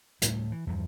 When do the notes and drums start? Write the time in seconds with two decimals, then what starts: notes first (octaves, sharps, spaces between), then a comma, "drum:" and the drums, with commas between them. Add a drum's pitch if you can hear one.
0.22 D2 A2 G3, drum: hi-hat
0.52 E3
0.67 E2 G2 F3